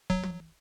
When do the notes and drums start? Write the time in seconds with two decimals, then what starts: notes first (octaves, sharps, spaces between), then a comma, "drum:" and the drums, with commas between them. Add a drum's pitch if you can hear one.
0.10 F#3, drum: kick
0.23 drum: tom